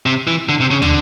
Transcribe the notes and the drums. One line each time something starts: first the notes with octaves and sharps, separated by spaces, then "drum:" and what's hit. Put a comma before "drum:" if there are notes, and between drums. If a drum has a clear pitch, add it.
C3
E3
D3
C3
C#3
D3, drum: tom